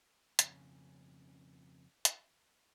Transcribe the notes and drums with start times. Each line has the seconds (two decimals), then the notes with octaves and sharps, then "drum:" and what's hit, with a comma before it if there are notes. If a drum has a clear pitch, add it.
0.39 F2 C#3 C#4 C#5, drum: hi-hat
2.05 drum: hi-hat